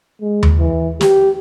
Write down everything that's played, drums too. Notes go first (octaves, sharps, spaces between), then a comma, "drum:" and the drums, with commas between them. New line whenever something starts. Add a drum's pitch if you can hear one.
G#3
drum: tom D#2
E3
G4, drum: snare